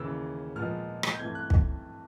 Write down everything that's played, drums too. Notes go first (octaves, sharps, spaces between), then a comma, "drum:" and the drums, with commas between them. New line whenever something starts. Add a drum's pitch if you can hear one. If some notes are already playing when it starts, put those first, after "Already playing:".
Already playing: D#2 C#3 E3 E6
A#2 F3 G#3 B3 F6
drum: rim click
G6
G2 E3 A3 C4 G#6
F#6
drum: kick